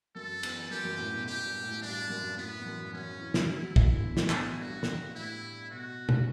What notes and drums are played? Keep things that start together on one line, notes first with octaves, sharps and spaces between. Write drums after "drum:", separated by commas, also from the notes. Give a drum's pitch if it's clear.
F#2 A4
E2, drum: cymbal
F#2 G4
F#2
A2
B2
A2 G4
G2
A2
G2 D4
F#2
A2 B3
E2
F#2
F#2 C#4
E3
F#3, drum: snare
G3 E4
F#3
E3, drum: kick
D3
B2
A2, drum: snare
B2, drum: clap
G2 F#4
drum: snare
A2 E4
B2 F#4
drum: tom